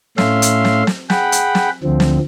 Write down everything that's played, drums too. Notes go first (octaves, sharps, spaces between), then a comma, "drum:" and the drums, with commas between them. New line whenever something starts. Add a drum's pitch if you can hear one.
A2 A3 C#4 E5 F5 C6, drum: snare
drum: hi-hat
drum: snare
drum: snare
G#4 F#5 G5 B5, drum: snare
drum: hi-hat
drum: snare
D2 D3 F3 C4
drum: snare